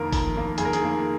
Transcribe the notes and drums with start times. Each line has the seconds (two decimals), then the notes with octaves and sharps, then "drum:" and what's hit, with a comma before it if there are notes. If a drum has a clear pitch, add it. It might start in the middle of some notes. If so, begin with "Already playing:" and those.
Already playing: F2 D#3 A#3 A#4
0.13 F2, drum: kick G1, open hi-hat
0.35 D#3 A#3
0.58 F2 G#4, drum: hi-hat
0.65 A#4
0.73 G#4, drum: hi-hat
0.81 D#3 A#3